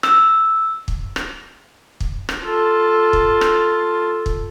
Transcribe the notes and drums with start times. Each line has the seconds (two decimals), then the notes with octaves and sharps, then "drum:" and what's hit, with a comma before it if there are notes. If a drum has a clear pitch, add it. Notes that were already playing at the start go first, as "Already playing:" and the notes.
0.03 E6, drum: rim click
0.88 drum: kick
1.16 drum: rim click
2.00 drum: kick
2.29 drum: rim click
2.43 F4 A4
3.13 drum: kick
3.41 drum: rim click
4.26 drum: kick